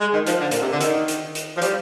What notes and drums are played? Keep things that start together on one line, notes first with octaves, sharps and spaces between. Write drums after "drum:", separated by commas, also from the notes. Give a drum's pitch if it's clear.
G#3
D#3
F3, drum: hi-hat
D3
A#2, drum: hi-hat
C3
D3
D#3, drum: hi-hat
drum: hi-hat
drum: hi-hat
F3
G3, drum: hi-hat